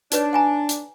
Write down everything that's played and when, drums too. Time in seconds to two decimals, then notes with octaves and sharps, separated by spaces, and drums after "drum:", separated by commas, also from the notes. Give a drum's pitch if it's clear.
0.12 D4 D#4 B4 C#5, drum: hi-hat
0.33 F#5 G#5 A#5
0.69 drum: hi-hat